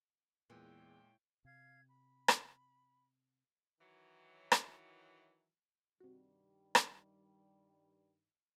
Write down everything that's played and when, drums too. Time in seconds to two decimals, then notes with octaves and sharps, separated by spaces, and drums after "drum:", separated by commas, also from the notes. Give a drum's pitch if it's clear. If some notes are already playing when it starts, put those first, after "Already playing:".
0.50 E2 A#2 E3 G#3 C#5 G5
1.45 C3 F5 G#6
1.89 B5
2.28 drum: rim click
3.80 D#3 E3 F#3
4.52 drum: rim click
6.00 G2 C3 D#3 G3 F#4
6.75 drum: rim click